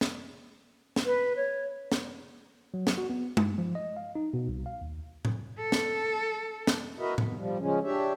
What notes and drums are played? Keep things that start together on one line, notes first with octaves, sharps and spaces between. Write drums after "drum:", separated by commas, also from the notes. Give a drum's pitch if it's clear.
drum: snare
drum: snare
B4
C#5
drum: snare
F#3
drum: snare
F#4
B3
G2, drum: tom G#3
F3
D#5
F5
D#4
B2
C2
F5
D#2
drum: tom A2
A4
drum: snare
drum: snare
E4 F#4 A#4 B4 D#5 E5
D#2 B2, drum: tom A2
F3 G3
C#3 F3 G#3 C#4
D4 G4 C#5 E5